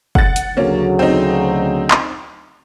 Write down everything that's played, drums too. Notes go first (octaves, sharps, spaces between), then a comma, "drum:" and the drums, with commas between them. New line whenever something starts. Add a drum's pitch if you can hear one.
F#5 A6, drum: kick
drum: hi-hat
D2 C#3 F#3 A#3 C#4
C4 D#4
drum: clap